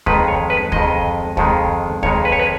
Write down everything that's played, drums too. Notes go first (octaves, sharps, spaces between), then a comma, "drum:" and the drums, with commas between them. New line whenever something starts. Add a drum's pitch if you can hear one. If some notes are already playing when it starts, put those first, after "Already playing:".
F2 D#3 G#3 B4, drum: kick
C#5
B4
F2 D#3 G#3 D#5, drum: kick
F2 D#3 G#3, drum: kick
F2 D#3 G#3 C#5, drum: kick
B4
C#5
B4